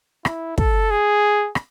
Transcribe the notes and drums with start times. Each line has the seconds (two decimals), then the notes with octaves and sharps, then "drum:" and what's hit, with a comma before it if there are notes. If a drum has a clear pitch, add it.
0.25 E4, drum: rim click
0.58 A4, drum: kick
0.90 G#4
1.55 drum: rim click